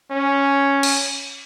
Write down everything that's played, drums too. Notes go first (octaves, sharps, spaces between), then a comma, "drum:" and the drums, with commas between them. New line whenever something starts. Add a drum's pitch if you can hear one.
C#4
drum: cymbal